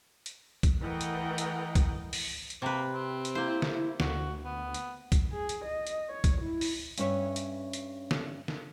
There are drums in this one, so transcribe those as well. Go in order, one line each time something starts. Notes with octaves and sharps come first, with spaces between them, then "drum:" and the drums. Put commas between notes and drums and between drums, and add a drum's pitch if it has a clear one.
drum: hi-hat
drum: kick, hi-hat
E3 A3 A#4 D#5 F#5 G5
drum: hi-hat
drum: hi-hat
drum: kick, hi-hat
drum: open hi-hat
drum: hi-hat
C3 A#3 B4
C4
drum: hi-hat
A#3 E4 C5
drum: snare
D2 F#4, drum: snare
B3
drum: hi-hat
drum: kick, hi-hat
G#4
drum: hi-hat
D#5
drum: hi-hat
C#5
drum: kick, hi-hat
E4
drum: open hi-hat
G2 C#4 B4 C#5 E5, drum: hi-hat
drum: hi-hat
drum: hi-hat
drum: snare
drum: snare